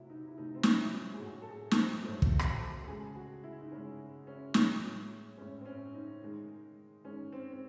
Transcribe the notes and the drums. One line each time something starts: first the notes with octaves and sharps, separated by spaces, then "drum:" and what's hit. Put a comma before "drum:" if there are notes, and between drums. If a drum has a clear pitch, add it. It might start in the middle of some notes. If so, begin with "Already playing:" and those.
Already playing: C3 F#3 A3 E4
D#4
E4
C3 F#3 A3 D#4
C4
C#4, drum: snare
D#4
E4
G#4
A2 F#3 A3 F#4
A4
G#4
A4, drum: snare
C5
A2 F#3 A3 C5
drum: kick
drum: rim click
A4
C#3 G#3 G#4
F#4
E4
D#4
C#3 G#3 C#4
C#4
A2 G#3, drum: snare
A2 G#3 C#4
C4
C#4
D#4
D#3 G#3
D#3 G#3 C#4
C4
C4